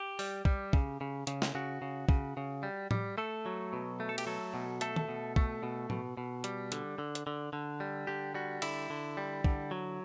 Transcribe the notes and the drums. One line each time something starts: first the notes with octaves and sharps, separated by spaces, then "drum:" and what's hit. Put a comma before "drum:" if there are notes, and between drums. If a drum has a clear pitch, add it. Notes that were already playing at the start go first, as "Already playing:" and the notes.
Already playing: G4
G3, drum: open hi-hat
G3, drum: kick
C#3, drum: kick
C#3
C#3, drum: hi-hat
drum: snare
C#3 F#4
C#3
C#3, drum: kick
C#3
G3
G3, drum: tom A2
A3 A4
F#3
B2
A3
A4
G4, drum: cymbal
F#3 A4
B2
A3 A4, drum: hi-hat
drum: tom
B2
A3, drum: kick
B2
B2, drum: tom A2
B2
G3, drum: hi-hat
D3, drum: hi-hat
D3
drum: hi-hat
D3
D3
G3
D3 G4
G3 F#4
D3 E4, drum: cymbal
D3
G3
D3, drum: kick
F#3